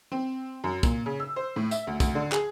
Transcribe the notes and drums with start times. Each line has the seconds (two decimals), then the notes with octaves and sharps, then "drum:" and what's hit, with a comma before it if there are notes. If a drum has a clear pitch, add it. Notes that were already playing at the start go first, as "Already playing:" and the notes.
0.12 C4
0.64 F#2
0.83 A#2, drum: kick, tambourine
1.06 C#3
1.20 E6
1.36 C5
1.56 A2
1.71 E5, drum: tambourine
1.87 D2
2.00 D2, drum: kick, tambourine
2.15 D3
2.32 G#4, drum: clap